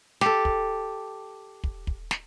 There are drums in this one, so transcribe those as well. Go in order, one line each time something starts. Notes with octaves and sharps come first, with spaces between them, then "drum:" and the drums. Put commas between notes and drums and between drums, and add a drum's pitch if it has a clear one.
G4 A4, drum: snare
drum: kick
drum: kick
drum: kick
drum: snare